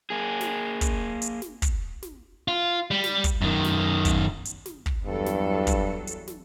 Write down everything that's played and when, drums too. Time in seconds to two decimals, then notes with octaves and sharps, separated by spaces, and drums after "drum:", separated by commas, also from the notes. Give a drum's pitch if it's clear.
0.10 A#3 G#4
0.41 drum: snare
0.81 drum: kick, hi-hat
1.22 drum: hi-hat
1.42 drum: snare
1.62 drum: kick, hi-hat
2.03 drum: snare
2.48 F4
2.91 G3
3.04 drum: snare
3.24 drum: kick, hi-hat
3.42 F#2 D#3
3.64 drum: snare
4.05 drum: kick, hi-hat
4.45 drum: hi-hat
4.66 drum: snare
4.86 drum: kick
5.06 E2 G2 F#3 A4
5.26 drum: snare
5.67 drum: kick, hi-hat
6.07 drum: hi-hat
6.27 drum: snare